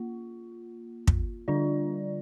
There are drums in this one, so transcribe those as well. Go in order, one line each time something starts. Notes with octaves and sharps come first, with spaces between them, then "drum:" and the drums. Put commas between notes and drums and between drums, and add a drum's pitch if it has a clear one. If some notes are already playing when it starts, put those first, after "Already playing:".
Already playing: A#3 F4
drum: kick
D3 G3 D4 F4 D5